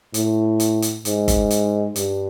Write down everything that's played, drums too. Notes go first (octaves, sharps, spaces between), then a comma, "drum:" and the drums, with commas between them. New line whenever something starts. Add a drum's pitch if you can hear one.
A2, drum: hi-hat
drum: hi-hat
drum: hi-hat
G#2, drum: hi-hat
drum: kick, hi-hat
drum: hi-hat
G2, drum: hi-hat